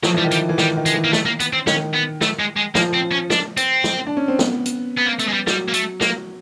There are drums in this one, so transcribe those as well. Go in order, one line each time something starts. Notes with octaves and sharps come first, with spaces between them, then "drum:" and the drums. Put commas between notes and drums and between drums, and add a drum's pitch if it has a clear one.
F3 F#3, drum: snare
E3 G3
D#3
G3, drum: hi-hat
E3
E3
D#3 G3, drum: snare
D#3
G#3, drum: hi-hat
E3
A#3
A3, drum: snare
A#3
B3, drum: hi-hat
C4
D#3 C#4, drum: snare
B3
A3, drum: snare
G#3
G#3
F3 A#3, drum: snare
C4
C#4
D4, drum: snare
C4, drum: hi-hat
drum: snare
D4
C#4
C4
B3, drum: snare
drum: hi-hat
B3
A#3
A3, drum: hi-hat
G#3
G3
F#3 G3, drum: snare
A#3
A3, drum: hi-hat
A#3, drum: snare